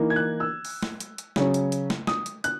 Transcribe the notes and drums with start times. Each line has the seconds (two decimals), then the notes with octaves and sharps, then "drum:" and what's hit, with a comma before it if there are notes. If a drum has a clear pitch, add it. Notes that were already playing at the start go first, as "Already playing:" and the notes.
Already playing: E3 A#3 D#4
0.10 G#6
0.16 F#6
0.40 E6
0.65 drum: open hi-hat
0.83 drum: snare
1.00 drum: hi-hat
1.18 drum: hi-hat
1.36 C#3 F#3 C#4, drum: snare
1.54 drum: hi-hat
1.72 drum: hi-hat
1.90 drum: snare
2.07 D#6, drum: snare
2.26 drum: hi-hat
2.44 F#6, drum: hi-hat